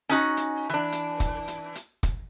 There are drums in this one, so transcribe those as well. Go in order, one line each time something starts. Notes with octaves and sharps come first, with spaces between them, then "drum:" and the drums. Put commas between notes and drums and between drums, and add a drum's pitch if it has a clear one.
C#4 D#4 F#4
drum: hi-hat
E3 D4
drum: hi-hat
drum: kick, hi-hat
drum: hi-hat
drum: hi-hat
drum: kick, hi-hat